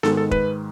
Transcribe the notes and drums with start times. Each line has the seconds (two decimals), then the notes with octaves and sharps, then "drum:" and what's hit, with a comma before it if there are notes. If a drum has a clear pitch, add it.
0.03 G#2 D#3 G#3 A4, drum: snare B3
0.17 A4
0.31 B4, drum: kick